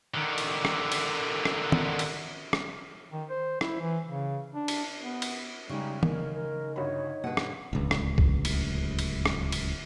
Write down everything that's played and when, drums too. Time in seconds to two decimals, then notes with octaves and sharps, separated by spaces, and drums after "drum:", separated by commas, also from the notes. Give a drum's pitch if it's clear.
0.14 D3 D#3
0.38 drum: cymbal
0.65 drum: rim click
0.92 drum: cymbal
1.45 drum: rim click
1.72 drum: tom
1.99 drum: cymbal
2.53 drum: rim click
3.12 D#3
3.30 C5
3.61 E4, drum: rim click
3.80 E3
4.07 C#3
4.54 D4
4.68 drum: cymbal
5.01 B3
5.22 drum: cymbal
5.69 C#3 G3 G#3 D#4
6.03 D#4 A#4, drum: tom
6.34 A#4
6.76 G1 F#4 C#5 B5
7.24 G2 B2 B4 F#5
7.37 drum: rim click
7.73 D1 C#2
7.91 drum: rim click
8.18 drum: kick C2
8.45 drum: cymbal
8.99 drum: cymbal
9.26 drum: rim click
9.52 drum: cymbal